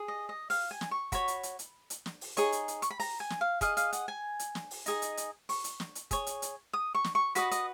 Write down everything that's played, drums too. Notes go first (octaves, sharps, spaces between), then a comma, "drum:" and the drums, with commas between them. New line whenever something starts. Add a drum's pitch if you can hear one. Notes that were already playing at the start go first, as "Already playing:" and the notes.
Already playing: G#4
D#5
D#5
F5, drum: open hi-hat
G#5
drum: snare
C#6
F#4 C#5 B5, drum: kick, hi-hat
drum: hi-hat
drum: hi-hat
drum: hi-hat
drum: hi-hat
drum: snare
drum: open hi-hat
D#4 G#4 C#5 C#6, drum: hi-hat
drum: hi-hat
drum: hi-hat
C#6, drum: hi-hat
B5
A#5, drum: open hi-hat
G#5
drum: snare
F5
G#4 D#5 F5, drum: kick, hi-hat
F5, drum: hi-hat
F#5, drum: hi-hat
G#5
drum: hi-hat
drum: snare
drum: open hi-hat
D#4 G#4 D#5, drum: hi-hat
drum: hi-hat
drum: hi-hat
C#6, drum: open hi-hat
drum: hi-hat
drum: snare
drum: hi-hat
G#4 C#5, drum: kick, hi-hat
drum: hi-hat
drum: hi-hat
D#6
C#6
drum: snare
C#6
F#4 B4 D#5 B5, drum: hi-hat
D#5, drum: hi-hat